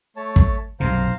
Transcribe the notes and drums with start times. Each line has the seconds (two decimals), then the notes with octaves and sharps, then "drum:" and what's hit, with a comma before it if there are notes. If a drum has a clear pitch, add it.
0.16 A3 C#5 A5
0.36 drum: kick
0.80 B1 F#2 C3 C5 F5 A#5